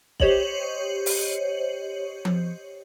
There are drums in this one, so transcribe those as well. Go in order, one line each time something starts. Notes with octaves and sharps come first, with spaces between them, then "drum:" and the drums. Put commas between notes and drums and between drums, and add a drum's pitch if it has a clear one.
G4 C5 C#5 D#5 F#7, drum: kick
drum: open hi-hat
drum: tom F3